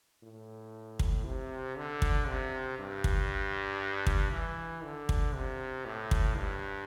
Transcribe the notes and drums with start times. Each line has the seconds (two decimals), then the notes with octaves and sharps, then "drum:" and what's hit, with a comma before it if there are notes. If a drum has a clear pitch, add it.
0.23 A2
0.99 drum: kick
1.25 C3
1.76 D3
2.02 drum: kick
2.28 C3
2.79 G2
3.04 drum: kick
4.07 drum: kick
4.32 E3
4.84 D3
5.09 drum: kick
5.35 C3
5.85 A2
6.11 drum: kick
6.37 G2